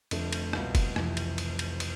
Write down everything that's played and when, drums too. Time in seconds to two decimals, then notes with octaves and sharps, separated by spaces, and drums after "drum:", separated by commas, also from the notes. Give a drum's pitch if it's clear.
0.11 F1 F2 D3 F3 A3, drum: cymbal
0.32 drum: cymbal
0.53 C2 B2 B3 F4, drum: rim click
0.75 drum: kick F1, cymbal
0.96 F1 F2 C3 E3, drum: rim click
1.17 drum: cymbal
1.38 drum: cymbal
1.59 drum: cymbal
1.80 drum: cymbal